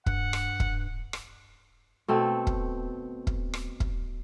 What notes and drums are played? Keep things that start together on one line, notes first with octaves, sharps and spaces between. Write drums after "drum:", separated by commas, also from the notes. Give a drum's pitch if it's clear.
G2 F#5, drum: kick
drum: rim click
drum: kick
drum: rim click
B2 A3 C4
drum: kick
drum: kick
drum: rim click
drum: kick